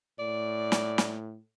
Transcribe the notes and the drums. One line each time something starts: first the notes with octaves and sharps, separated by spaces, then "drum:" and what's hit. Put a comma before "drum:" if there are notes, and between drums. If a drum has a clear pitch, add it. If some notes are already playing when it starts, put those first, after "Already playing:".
A2 D5
drum: snare
drum: snare